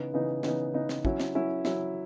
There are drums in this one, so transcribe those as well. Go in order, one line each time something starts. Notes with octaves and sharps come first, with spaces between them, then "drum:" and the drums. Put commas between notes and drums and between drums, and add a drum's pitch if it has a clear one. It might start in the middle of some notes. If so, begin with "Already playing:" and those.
Already playing: C#3 E3 B3 D#4
C#3 E3 B3 D#4
C#3 E3 B3 D#4, drum: snare
C#3 E3 B3 D#4
drum: snare
F#3 C#4 E4, drum: kick
drum: snare
F#3 C#4 E4
F#3 C#4 E4, drum: snare